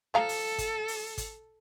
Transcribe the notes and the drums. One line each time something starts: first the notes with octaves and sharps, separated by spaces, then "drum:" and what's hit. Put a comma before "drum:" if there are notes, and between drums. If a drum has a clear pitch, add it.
F3 A4 F5 A#5
drum: open hi-hat
drum: kick, hi-hat
drum: open hi-hat
drum: kick, hi-hat